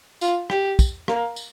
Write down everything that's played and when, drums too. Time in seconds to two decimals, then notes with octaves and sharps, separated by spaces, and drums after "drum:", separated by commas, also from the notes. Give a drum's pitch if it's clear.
0.21 F4, drum: tambourine
0.50 G4, drum: rim click
0.79 drum: kick, tambourine
1.08 A#3, drum: rim click
1.36 drum: tambourine